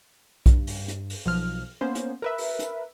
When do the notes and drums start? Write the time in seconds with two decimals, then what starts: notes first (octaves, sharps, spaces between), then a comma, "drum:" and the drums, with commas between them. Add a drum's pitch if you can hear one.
0.46 G2, drum: kick B1, hi-hat
0.67 drum: open hi-hat
0.88 drum: hi-hat
1.10 drum: open hi-hat
1.26 B1 F3 F6
1.81 A#3 B3 C#4 C5
1.95 drum: hi-hat
2.22 A#4 B4 E5
2.38 drum: open hi-hat
2.59 drum: hi-hat